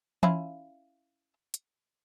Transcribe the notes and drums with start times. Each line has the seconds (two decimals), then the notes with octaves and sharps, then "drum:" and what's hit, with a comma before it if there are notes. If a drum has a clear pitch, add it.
0.23 C#4 E4 F4, drum: tom E3
1.54 drum: hi-hat